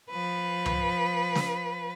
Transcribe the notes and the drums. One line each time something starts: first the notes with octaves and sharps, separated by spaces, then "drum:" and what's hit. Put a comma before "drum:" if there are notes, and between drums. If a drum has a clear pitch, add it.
F3 B4
drum: tom C#2
drum: snare